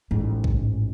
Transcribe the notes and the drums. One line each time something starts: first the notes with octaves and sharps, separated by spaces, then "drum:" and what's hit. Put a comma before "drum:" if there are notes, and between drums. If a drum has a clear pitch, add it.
A1 G#2
drum: kick A#1